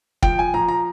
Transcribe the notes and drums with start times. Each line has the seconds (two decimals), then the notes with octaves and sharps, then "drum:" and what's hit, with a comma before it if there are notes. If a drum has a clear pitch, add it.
0.23 F3 G5, drum: kick
0.39 G#5
0.54 F3 A#5
0.69 A#5